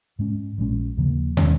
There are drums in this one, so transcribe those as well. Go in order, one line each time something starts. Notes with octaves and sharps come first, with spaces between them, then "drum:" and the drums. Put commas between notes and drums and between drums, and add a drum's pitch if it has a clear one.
G#2 G#3 C#4
A#1 A#2 G#3 C#4
D#2 C#3 F3 A#3
D#3 G#3 C#4, drum: tom